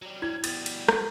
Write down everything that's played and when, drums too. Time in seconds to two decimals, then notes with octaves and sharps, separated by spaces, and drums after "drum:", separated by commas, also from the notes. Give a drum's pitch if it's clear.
0.02 F#3 G3
0.22 E4 G#6
0.44 B2 G3 D#6 A6, drum: cymbal
0.66 drum: cymbal
0.88 drum: rim click